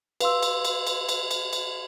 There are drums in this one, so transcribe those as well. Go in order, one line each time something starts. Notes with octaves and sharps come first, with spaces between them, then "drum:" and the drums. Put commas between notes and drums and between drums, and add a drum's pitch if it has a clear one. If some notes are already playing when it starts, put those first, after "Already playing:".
B4 F5 C6 E6, drum: cymbal
drum: cymbal
drum: cymbal
drum: cymbal
drum: cymbal
drum: cymbal
drum: cymbal